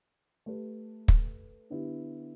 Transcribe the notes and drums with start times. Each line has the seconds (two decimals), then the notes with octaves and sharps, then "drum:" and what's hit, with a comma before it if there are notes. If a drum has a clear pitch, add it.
0.46 A3 G4 B4
1.08 drum: kick
1.70 D3 B3 E4 G4